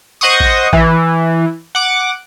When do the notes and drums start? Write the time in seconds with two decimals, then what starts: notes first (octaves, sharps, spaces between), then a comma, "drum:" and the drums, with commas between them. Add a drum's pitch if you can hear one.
0.21 C5 D#5 F#5 C6 C#6 D#6
0.40 drum: kick A1
0.73 E3, drum: kick A1
1.75 F#5 D6